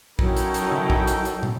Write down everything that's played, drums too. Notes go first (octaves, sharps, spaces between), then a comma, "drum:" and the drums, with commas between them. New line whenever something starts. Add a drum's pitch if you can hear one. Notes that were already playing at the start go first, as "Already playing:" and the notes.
F#3 C#4 D#4 E4 A4 A#4 G5, drum: kick A1
drum: hi-hat
drum: hi-hat
drum: tom C#3
drum: kick A1
drum: hi-hat
drum: hi-hat
drum: tom